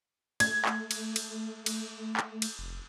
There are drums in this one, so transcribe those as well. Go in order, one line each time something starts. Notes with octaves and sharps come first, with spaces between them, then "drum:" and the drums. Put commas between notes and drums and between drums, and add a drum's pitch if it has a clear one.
A3 G#6, drum: cymbal
drum: clap
drum: cymbal
drum: cymbal
drum: cymbal
drum: clap
drum: cymbal
F1